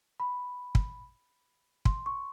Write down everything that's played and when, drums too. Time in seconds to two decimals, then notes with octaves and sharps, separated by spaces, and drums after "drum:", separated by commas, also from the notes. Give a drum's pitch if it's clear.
0.20 B5
0.75 drum: kick
1.85 C6, drum: kick
2.06 C#6